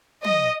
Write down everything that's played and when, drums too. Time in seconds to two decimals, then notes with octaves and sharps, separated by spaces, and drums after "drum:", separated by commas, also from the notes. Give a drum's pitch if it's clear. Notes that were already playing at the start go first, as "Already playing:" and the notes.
0.24 D#5, drum: tom